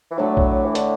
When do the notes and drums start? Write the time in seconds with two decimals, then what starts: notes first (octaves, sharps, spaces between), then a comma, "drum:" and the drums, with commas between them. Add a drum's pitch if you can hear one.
0.11 E3
0.18 A2 F#3 A3 D4
0.37 drum: kick A#1
0.65 E3
0.75 D3, drum: hi-hat